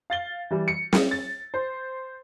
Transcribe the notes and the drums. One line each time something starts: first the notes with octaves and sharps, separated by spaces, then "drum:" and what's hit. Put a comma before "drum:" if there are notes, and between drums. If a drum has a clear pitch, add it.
F5 A6 G7
E3 G3
C#7
drum: snare
A6
C5